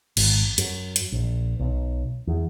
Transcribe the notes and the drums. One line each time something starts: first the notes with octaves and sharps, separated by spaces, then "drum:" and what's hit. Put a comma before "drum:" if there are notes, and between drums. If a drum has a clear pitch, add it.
G#1, drum: cymbal
F#2, drum: hi-hat
drum: hi-hat
A#1
B1
E2